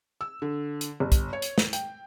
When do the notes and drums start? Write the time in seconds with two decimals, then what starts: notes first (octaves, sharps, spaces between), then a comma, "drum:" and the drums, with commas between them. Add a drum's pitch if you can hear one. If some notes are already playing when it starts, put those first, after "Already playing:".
0.21 E6
0.42 D3
0.81 drum: hi-hat
1.00 G1
1.12 drum: kick, hi-hat
1.33 C#5
1.42 drum: hi-hat
1.58 drum: snare
1.73 G5, drum: hi-hat